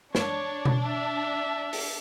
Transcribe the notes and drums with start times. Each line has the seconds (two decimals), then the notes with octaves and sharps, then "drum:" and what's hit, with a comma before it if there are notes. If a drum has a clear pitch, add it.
0.15 D4 C#5, drum: snare
0.65 drum: tom B2
0.87 E5
1.73 drum: open hi-hat